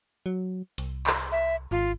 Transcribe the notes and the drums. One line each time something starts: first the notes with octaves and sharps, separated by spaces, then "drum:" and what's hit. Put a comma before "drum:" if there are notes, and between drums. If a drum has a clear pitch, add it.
F#3
C2, drum: hi-hat
drum: clap
E5
G#1 F4